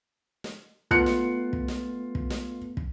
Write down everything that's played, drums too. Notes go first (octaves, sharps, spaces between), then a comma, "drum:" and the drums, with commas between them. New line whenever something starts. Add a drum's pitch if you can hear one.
drum: snare
A3 B3 F4 F#6 C#7, drum: kick
drum: snare
drum: kick
drum: snare
drum: kick
drum: snare
drum: kick